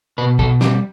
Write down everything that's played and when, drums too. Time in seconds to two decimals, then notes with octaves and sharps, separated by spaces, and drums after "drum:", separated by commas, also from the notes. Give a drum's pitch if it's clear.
0.18 B2 B4
0.39 B2 A4, drum: kick
0.61 G3 G4, drum: snare